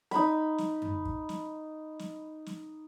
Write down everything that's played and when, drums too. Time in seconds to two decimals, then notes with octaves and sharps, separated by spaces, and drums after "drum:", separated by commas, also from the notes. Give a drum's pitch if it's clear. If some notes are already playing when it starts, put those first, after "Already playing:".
0.11 D#4 B5, drum: snare
0.58 drum: snare
0.82 drum: tom F#2
1.05 drum: kick
1.29 drum: snare
1.99 drum: snare
2.46 drum: snare